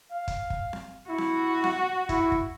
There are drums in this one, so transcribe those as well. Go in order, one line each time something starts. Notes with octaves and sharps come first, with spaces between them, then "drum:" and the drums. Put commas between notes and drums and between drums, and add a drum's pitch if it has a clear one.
F5
drum: kick, hi-hat
drum: kick
drum: snare C4
E4 F#4
drum: snare C4
drum: snare C4
E4, drum: kick, hi-hat
drum: kick